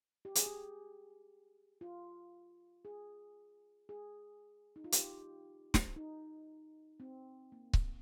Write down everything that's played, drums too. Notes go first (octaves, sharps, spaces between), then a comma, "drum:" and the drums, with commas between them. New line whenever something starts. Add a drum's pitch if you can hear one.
G4
G#4, drum: hi-hat
G4
F4
G#4
G#4
D#4
F4
G4, drum: hi-hat
drum: snare
D#4
C4
A#3
drum: kick C#1